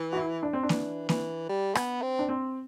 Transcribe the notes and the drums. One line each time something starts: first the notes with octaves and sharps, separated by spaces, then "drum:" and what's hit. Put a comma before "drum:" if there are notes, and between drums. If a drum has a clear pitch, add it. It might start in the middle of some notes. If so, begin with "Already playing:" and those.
Already playing: E3
F#4
E4
D4
C4
D4
E3, drum: snare A#3
E3, drum: snare A#3
G3
B3, drum: rim click
C4
D4
C4